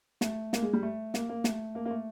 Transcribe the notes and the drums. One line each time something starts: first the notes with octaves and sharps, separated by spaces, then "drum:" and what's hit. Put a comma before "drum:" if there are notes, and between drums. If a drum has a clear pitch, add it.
A3, drum: snare
A#3, drum: snare
G#3
G3
A3
A#3, drum: snare
A#3
A3, drum: snare
A#3
A#3
A3